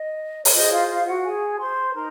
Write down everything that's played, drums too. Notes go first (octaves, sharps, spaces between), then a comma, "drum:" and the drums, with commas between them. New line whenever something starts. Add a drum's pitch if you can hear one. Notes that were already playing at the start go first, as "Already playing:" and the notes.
Already playing: D#5
C#5, drum: open hi-hat
F4 G#4 C5 D#5
F#5
F4 F5
F4 F5
F#4 F#5
G#4 G#5
C5 C6
D#4 A#4 A#5